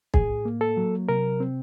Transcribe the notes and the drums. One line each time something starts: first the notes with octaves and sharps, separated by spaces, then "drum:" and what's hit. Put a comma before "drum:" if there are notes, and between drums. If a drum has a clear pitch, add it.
A2 G#4, drum: kick
A#3
A4
F#3
C3 A#4
C4